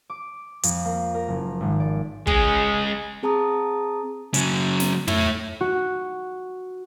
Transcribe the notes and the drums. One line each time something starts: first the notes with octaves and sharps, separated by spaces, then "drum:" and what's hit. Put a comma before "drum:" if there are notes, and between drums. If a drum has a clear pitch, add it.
D6
F2, drum: hi-hat
A#3
A#4
F#1
G#1
D5
G#3 C#4 G#4, drum: kick
C4 G#4 A5 A#5 D#6
C#3 F#3, drum: hi-hat
drum: snare
A3 E4, drum: tom
F#4